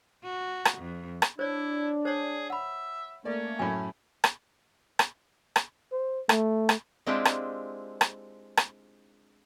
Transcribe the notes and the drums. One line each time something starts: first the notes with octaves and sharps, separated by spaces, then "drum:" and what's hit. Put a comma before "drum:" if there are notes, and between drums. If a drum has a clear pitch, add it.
F#4
drum: rim click
F2
drum: rim click
D4 E4 C5 C#5
G#4 C5 C#5
E5 F#5 B5
A3 A#3 C#4 D5
F#2 A2 G#5
drum: rim click
drum: rim click
drum: rim click
C5
A3, drum: rim click
drum: rim click
G#3 C4 D4 E4 F4 G4
drum: rim click
drum: rim click
drum: rim click